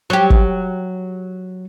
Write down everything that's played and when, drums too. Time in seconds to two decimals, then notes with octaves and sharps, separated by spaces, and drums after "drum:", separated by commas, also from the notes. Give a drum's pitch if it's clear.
0.10 F#3 G4
0.30 drum: kick